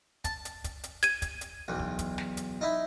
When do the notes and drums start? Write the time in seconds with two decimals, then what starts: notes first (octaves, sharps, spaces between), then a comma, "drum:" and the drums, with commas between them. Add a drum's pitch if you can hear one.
0.24 A5, drum: kick, hi-hat
0.45 drum: hi-hat
0.64 drum: kick, hi-hat
0.84 drum: hi-hat
1.03 G#6 D#7, drum: hi-hat
1.22 drum: kick, hi-hat
1.41 drum: hi-hat
1.68 B1 E2
1.79 drum: kick
1.99 drum: kick, hi-hat
2.18 drum: snare
2.37 drum: hi-hat
2.61 D#4 E4